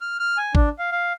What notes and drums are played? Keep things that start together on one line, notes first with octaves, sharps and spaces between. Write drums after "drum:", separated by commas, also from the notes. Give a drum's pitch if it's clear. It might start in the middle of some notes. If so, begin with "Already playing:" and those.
F6
F6
G#5
D4, drum: kick G#1
F5
F5